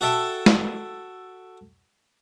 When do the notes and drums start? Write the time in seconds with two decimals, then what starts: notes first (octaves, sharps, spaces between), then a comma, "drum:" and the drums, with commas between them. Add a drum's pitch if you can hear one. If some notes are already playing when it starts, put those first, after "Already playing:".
0.01 F#4 A4 E5 G5 A5
0.46 drum: snare